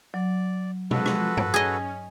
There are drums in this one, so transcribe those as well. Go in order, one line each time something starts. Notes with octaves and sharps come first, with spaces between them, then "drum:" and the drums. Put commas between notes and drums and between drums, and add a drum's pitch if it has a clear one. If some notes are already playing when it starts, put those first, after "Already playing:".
F#3 D5
C3 F3 G#3 F#4 A4 B4, drum: tom B2
drum: rim click
drum: tom G2
C#4 G#4 D#5